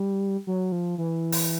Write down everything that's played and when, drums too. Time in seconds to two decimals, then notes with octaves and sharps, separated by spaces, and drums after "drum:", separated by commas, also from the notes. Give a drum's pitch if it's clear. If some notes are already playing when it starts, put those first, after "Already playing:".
Already playing: G3
0.47 F#3
0.72 F3
0.98 E3
1.32 drum: open hi-hat